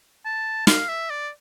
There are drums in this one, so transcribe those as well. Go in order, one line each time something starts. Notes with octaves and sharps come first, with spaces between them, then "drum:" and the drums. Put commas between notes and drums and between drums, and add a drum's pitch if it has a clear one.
A5
F5, drum: snare
E5
D5